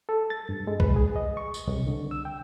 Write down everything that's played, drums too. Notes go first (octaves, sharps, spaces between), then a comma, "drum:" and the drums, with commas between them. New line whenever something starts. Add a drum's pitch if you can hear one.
A4
A6
G2
G#3
B4, drum: kick
G#4
D#5
C#6
drum: tambourine
C2
D3
E6
G5